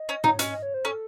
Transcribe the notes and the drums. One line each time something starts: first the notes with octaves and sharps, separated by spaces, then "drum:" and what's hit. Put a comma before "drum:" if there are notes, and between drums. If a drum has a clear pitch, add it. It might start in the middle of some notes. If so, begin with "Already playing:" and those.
Already playing: D#5
C#4
D#4, drum: tom G#2
C#5
C#4 D#5, drum: hi-hat
D#5
C#5
C5
C#4 A4